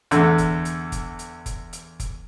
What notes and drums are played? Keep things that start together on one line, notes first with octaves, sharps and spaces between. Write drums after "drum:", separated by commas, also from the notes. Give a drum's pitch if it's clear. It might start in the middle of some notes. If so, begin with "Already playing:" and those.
E2 D3, drum: hi-hat
drum: kick F1, hi-hat
drum: hi-hat
drum: kick F1, hi-hat
drum: hi-hat
drum: kick F1, hi-hat
drum: hi-hat
drum: kick F1, hi-hat